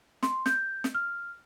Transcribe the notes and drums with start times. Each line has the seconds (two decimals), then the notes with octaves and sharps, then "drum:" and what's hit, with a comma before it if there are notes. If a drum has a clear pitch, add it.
0.23 C6, drum: snare
0.46 G6, drum: snare
0.84 drum: snare
0.95 F6